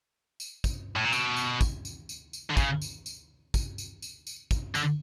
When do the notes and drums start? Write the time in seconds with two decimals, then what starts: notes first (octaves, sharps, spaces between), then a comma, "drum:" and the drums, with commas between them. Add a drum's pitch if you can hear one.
0.40 drum: tambourine
0.64 drum: kick, tambourine
0.96 A2
1.05 A#2
1.13 B2, drum: tambourine
1.37 drum: tambourine
1.61 drum: kick, tambourine
1.85 drum: tambourine
2.09 drum: tambourine
2.33 drum: tambourine
2.51 D3
2.57 C#3, drum: kick, tambourine
2.82 drum: tambourine
3.06 drum: tambourine
3.54 drum: kick, tambourine
3.78 drum: tambourine
4.02 drum: tambourine
4.27 drum: tambourine
4.51 drum: kick, tambourine
4.75 D3, drum: tambourine